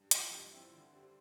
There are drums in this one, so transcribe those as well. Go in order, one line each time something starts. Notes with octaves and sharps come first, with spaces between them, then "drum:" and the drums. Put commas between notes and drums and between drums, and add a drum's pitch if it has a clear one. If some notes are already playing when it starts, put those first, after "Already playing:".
Already playing: G2
F3 C4 E4, drum: hi-hat
G2
F3 C4 E4
D3
G3 C4